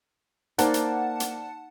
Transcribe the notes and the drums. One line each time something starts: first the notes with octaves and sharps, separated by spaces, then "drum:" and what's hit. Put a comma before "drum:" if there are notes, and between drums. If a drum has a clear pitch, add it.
A#3 D#4 C5 D5 F#5 A5, drum: hi-hat
drum: hi-hat
drum: hi-hat